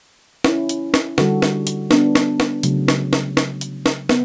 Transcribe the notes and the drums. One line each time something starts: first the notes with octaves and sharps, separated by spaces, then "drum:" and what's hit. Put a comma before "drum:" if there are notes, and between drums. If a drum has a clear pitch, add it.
C#4 E4, drum: snare
drum: hi-hat
drum: snare
D3 G3 F#4 A4, drum: snare
drum: snare
drum: hi-hat
B3 D4, drum: snare
drum: snare
drum: snare
C#3 F#3 A3, drum: hi-hat
drum: snare
drum: snare
drum: snare
drum: hi-hat
drum: snare
B3, drum: snare